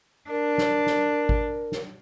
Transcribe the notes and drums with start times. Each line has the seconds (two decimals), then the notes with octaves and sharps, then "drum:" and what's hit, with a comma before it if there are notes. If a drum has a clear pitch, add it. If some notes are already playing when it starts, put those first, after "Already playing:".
0.30 D4 A#4
0.58 drum: snare
0.87 drum: snare
1.29 drum: kick G#1
1.72 drum: snare